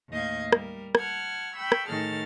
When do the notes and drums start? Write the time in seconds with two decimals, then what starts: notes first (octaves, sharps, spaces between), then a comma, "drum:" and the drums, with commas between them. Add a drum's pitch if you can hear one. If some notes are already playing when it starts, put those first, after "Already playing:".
0.10 D#2 A2 D#5 F5 G6 G#6
0.53 G3 A#4, drum: rim click
0.95 F#5 A5 F6 G#6, drum: rim click
1.55 G5 B5 C#6 E6
1.72 drum: rim click
1.89 A2 D#3 G#4 A4 F6 A6